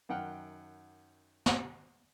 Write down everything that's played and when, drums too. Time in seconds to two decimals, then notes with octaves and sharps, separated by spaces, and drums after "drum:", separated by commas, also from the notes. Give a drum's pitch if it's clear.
0.09 F#2 D#3 F#5 G5 F6
1.46 drum: snare